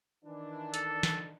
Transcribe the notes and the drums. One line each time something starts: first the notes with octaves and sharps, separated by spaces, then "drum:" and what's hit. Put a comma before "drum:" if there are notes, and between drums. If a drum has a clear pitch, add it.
D#3 E3 D4
A4, drum: hi-hat
drum: snare